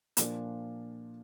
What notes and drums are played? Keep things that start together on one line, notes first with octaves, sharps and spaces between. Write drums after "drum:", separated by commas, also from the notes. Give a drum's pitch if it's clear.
A#2 F3 A#3 D4 F4, drum: hi-hat